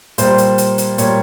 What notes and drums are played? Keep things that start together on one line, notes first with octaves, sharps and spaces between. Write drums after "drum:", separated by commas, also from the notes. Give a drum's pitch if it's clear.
A#2 G3 C5, drum: hi-hat
drum: hi-hat
drum: hi-hat
drum: hi-hat
A#2 G3 C#5, drum: hi-hat